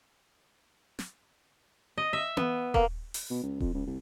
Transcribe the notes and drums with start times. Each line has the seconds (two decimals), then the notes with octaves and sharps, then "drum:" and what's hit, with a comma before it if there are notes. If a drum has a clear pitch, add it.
0.99 drum: snare
1.98 D#5
2.13 E5
2.37 B3, drum: tom B3
2.74 A#3, drum: kick D#1
3.14 drum: open hi-hat
3.30 B2
3.43 C#2
3.60 F2, drum: kick D#1
3.74 C#2
3.87 C2